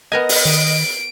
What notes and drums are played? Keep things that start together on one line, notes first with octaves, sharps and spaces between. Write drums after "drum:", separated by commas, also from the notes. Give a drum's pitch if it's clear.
B3 A#4 D#5 G#5
drum: open hi-hat
D#3 D7